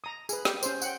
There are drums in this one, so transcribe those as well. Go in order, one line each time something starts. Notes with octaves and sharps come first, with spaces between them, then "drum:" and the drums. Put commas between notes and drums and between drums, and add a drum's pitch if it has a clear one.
A#5 D#6
G#4 B4, drum: tambourine
G4, drum: snare
C#4 C5, drum: tambourine
F#5 G5, drum: tambourine